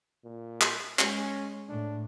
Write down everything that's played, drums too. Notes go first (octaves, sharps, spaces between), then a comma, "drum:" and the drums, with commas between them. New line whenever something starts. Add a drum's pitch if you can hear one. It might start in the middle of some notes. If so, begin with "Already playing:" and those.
A#2
drum: clap
G#3 C#4, drum: clap
A2 D4